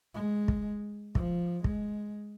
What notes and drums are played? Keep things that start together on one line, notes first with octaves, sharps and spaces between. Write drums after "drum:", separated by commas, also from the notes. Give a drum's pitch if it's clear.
G#3
drum: kick
F3, drum: kick
G#3, drum: kick